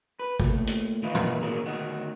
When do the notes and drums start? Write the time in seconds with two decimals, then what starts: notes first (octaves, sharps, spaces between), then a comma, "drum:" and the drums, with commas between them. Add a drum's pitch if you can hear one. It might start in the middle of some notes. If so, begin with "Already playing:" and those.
0.20 B4
0.40 A#2 A3, drum: kick
0.67 drum: hi-hat
1.03 D#3 E3 A#3 F4 B4 D#5
1.15 drum: tom
1.41 D#3 A#3 B3 F#4 G#4 A#4
1.65 D2 D#3 F#4 D#5